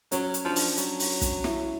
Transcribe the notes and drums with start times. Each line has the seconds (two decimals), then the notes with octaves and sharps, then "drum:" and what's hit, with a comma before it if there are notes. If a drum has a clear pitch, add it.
0.12 F#3 C#4, drum: hi-hat
0.34 drum: hi-hat
0.45 F3 D4
0.56 drum: open hi-hat
0.77 F#3, drum: hi-hat
1.00 drum: open hi-hat
1.22 drum: kick, hi-hat
1.44 E4, drum: snare